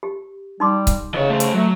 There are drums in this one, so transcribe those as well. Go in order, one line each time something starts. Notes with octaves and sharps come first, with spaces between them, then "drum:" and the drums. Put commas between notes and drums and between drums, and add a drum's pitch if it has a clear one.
G4
G3 D#4 C6 D6
drum: kick C#1, hi-hat
C#3 E3 C#5 D#5
A3 C5
drum: hi-hat
F#3 A3